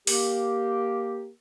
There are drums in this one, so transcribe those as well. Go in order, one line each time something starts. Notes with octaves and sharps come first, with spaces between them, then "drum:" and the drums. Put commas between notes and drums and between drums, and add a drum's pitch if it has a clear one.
A#3 G4, drum: open hi-hat